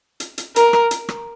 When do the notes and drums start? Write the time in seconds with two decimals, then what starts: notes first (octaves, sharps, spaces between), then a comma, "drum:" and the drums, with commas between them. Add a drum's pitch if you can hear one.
0.20 drum: hi-hat
0.38 drum: hi-hat
0.56 A#4, drum: hi-hat
0.73 drum: rim click
0.91 drum: hi-hat
1.09 drum: rim click